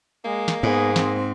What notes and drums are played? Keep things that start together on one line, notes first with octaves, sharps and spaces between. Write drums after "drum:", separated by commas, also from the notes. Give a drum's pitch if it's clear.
G#3 A#3
drum: snare
G#2 B3 G#4
C4, drum: snare